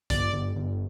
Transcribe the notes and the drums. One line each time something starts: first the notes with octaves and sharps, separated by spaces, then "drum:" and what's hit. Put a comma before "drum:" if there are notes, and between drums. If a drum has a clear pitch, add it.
G1 D5, drum: kick, hi-hat
G1
G1